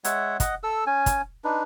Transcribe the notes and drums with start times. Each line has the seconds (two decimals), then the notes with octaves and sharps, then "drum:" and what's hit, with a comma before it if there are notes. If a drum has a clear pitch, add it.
0.04 G#3 C#5 E5 F#5, drum: hi-hat
0.40 D#5 F#5, drum: kick, hi-hat
0.63 A4 E6
0.86 C#4 G#5
1.06 drum: kick, hi-hat
1.44 D4 D#4 B4